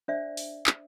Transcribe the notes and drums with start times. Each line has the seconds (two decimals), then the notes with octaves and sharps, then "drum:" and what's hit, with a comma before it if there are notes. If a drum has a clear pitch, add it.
0.08 D4 C5 D5 E5
0.37 drum: open hi-hat
0.67 drum: clap